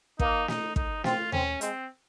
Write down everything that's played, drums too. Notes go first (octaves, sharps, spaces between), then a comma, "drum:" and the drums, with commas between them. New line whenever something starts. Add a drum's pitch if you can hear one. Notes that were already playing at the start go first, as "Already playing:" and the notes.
A#3 D#4, drum: kick
D#4, drum: snare
D#4, drum: kick
C4 F4, drum: snare
C4 C#4, drum: tom D#2
G#3 C4, drum: hi-hat